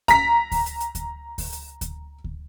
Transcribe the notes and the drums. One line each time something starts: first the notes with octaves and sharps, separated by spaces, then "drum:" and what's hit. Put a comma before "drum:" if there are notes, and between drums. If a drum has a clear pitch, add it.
A#5 B6, drum: kick D2, hi-hat
drum: kick D2, open hi-hat
drum: hi-hat
drum: hi-hat
drum: kick D2, hi-hat
drum: kick D2, open hi-hat
drum: hi-hat
drum: kick D2, hi-hat
drum: kick D2